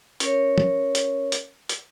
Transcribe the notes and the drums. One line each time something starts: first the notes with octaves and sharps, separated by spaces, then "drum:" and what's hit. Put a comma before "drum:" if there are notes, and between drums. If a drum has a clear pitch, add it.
C#4 A#4 C#5, drum: hi-hat
drum: tom
drum: hi-hat
drum: hi-hat
drum: hi-hat